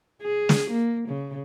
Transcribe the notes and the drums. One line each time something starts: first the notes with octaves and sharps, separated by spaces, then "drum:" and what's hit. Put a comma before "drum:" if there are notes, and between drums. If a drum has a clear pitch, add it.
G#4
drum: snare
A#3
C#3